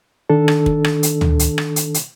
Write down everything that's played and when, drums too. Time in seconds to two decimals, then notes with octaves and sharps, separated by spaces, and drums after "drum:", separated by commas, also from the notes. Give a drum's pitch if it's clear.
0.30 D#3 D4 A4
0.48 drum: rim click
0.66 drum: kick
0.84 drum: rim click
1.03 drum: hi-hat
1.21 drum: tom
1.39 drum: hi-hat
1.58 drum: rim click
1.76 drum: hi-hat
1.94 drum: hi-hat